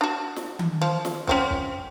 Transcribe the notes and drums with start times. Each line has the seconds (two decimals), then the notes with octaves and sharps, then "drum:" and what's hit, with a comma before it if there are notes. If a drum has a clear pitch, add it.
0.01 D4 F#4
0.36 drum: snare
0.59 drum: tom D#3
0.82 F3
1.05 drum: snare
1.27 F3 C4 C#4, drum: kick
1.50 drum: kick